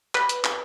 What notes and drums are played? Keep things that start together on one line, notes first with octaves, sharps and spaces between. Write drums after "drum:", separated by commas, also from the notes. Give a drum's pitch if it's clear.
B4, drum: clap
drum: hi-hat
drum: clap